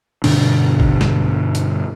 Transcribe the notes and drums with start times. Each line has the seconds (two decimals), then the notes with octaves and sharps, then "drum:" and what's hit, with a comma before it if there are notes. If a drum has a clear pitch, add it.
0.24 G2 B2 D3 D4, drum: cymbal
0.80 drum: kick A1
1.01 drum: snare
1.55 drum: hi-hat